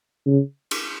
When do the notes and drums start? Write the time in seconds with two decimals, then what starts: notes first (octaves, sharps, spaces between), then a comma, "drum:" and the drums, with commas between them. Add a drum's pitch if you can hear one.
0.26 C#3
0.71 drum: cymbal